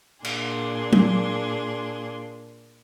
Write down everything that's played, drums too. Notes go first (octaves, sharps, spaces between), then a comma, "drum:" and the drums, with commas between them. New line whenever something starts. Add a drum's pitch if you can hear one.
A#2 D4 G#4 C6, drum: cymbal
drum: tom F#3